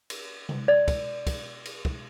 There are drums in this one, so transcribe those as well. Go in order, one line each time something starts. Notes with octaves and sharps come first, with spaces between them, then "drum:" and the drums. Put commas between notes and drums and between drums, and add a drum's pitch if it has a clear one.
drum: cymbal
drum: tom C3
D5
drum: kick, cymbal
drum: kick, cymbal
drum: cymbal
drum: kick